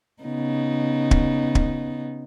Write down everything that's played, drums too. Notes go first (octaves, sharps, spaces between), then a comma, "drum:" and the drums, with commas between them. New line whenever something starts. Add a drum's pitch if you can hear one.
C#3 B3 D#4
drum: kick
drum: kick